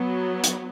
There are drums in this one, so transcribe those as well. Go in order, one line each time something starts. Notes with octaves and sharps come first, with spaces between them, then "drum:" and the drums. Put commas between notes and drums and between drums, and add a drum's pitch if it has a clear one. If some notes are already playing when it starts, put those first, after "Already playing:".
Already playing: F#3 B3
drum: hi-hat